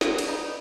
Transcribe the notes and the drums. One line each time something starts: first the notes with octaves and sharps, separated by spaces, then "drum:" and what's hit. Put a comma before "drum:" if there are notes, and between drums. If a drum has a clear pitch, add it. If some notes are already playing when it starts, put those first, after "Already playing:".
F#3 D4, drum: snare
drum: cymbal
B3 D#4